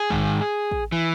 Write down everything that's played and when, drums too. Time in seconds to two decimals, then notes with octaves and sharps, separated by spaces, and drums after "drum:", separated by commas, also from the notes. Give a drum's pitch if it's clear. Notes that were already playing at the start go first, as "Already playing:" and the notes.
Already playing: G#4
0.10 G#2 D#3, drum: kick
0.71 drum: kick
0.92 E3